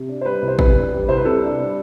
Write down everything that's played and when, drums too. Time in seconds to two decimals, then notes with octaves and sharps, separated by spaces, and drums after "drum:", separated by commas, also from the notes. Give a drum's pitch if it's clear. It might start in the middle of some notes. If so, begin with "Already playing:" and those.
Already playing: C3
0.09 D4
0.21 C5
0.25 G3 B4
0.42 C2
0.48 C5
0.59 C3 B4, drum: kick
0.75 D4
0.92 G3
1.08 C2 C5
1.17 B4
1.25 C3 A4
1.42 D4
1.59 G3